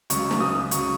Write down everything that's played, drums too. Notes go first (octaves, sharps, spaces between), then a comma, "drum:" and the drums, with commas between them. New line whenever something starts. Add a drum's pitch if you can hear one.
C#2 C#3 F#3 C#6, drum: hi-hat
drum: snare
D#6
C#3 F#3 C#6, drum: hi-hat